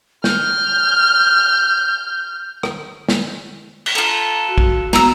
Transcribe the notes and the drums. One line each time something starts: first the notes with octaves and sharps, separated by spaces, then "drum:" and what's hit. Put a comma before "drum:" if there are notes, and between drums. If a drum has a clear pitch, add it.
F6 G6, drum: snare
drum: rim click
drum: snare
drum: cymbal
F4 A4 A#5
F#4
drum: kick
F#3 B3 F#4 A#5 E6, drum: snare